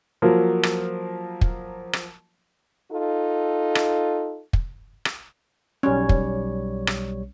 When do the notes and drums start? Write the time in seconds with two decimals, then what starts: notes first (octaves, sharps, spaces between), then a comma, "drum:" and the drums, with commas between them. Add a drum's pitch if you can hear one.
0.22 F3 F#3 A#3
0.63 drum: rim click
1.41 drum: kick
1.93 drum: rim click
2.92 D#4 F4 A4
3.75 drum: rim click
4.53 drum: kick
5.05 drum: rim click
5.83 B1 G3 C#4 C#5
6.09 drum: kick
6.87 drum: rim click